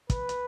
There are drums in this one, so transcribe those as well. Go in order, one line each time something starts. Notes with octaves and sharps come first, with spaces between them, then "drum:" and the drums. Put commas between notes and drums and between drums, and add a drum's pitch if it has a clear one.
B4, drum: kick, hi-hat
drum: hi-hat